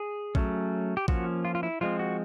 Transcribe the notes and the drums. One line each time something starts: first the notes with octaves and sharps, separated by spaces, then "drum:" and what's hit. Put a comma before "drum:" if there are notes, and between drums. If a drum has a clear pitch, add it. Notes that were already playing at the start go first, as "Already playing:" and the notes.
Already playing: G#4
F#3 A3 C#4, drum: kick A1
G4
F3 A#3 C#4 F#4, drum: kick A1
F4
F4
E4
F3 G#3 C4 F4
F#4